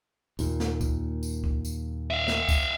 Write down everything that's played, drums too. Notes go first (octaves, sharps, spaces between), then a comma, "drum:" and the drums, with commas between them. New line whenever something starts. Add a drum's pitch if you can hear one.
D#2 A#2, drum: tambourine
drum: snare
drum: kick, tambourine
drum: tambourine
drum: kick
drum: tambourine
E5 F5
drum: snare
drum: kick, tambourine